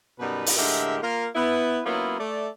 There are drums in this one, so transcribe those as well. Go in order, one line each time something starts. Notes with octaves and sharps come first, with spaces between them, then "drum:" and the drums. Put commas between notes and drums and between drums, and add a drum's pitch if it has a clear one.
F#2 B2 G3 B3 D#4 B4
drum: open hi-hat
A2 D3 G#3 G4 A#4 E5
A#3 F4 A#4
B3 E4 B4
F#3 A#3 B3 C#4 E4 F4
A3 D5